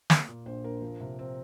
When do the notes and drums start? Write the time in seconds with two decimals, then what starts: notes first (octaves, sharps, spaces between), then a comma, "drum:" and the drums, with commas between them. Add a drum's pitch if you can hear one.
0.10 A#3, drum: snare
0.28 A#2
0.46 A#1 C5
0.64 A#1 A#4
0.82 F3
1.00 C3
1.19 C4